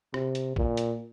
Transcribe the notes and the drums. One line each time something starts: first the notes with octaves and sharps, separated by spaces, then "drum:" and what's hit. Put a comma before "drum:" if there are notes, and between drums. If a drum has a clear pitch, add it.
C3, drum: rim click
drum: hi-hat
A#2, drum: kick
drum: hi-hat